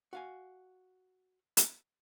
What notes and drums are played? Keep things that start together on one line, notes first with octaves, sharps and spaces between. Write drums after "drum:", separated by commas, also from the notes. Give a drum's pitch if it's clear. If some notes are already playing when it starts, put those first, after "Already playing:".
F#4 F5 G#5
drum: hi-hat